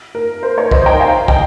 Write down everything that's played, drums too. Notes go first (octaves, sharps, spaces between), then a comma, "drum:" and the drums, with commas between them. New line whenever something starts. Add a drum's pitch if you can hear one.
A#4
C5
A#4 C#5
C5 D#5, drum: kick
G5 A#5
F5 G#5
D#5 G5, drum: kick